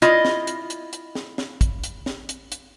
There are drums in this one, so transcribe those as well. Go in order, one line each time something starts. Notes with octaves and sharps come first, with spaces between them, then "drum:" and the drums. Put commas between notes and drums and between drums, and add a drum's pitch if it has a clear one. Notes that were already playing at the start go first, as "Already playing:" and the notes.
E4 F4 D#5, drum: hi-hat
drum: snare
drum: hi-hat
drum: hi-hat
drum: hi-hat
drum: snare
drum: snare
drum: kick, hi-hat
drum: hi-hat
drum: snare
drum: hi-hat
drum: hi-hat